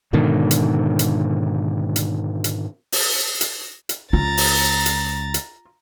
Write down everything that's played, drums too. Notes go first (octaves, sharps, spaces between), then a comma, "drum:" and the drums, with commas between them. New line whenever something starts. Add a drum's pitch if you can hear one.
G#2 B2 D3 D#3
drum: hi-hat
drum: hi-hat
drum: hi-hat
drum: hi-hat
drum: open hi-hat
drum: hi-hat
drum: hi-hat
C#2 F4 A#5 A6
drum: open hi-hat
drum: hi-hat
drum: hi-hat